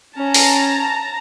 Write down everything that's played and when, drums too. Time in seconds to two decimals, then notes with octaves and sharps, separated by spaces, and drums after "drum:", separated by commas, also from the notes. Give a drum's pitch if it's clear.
0.17 C#4 A5 A#5
0.34 drum: open hi-hat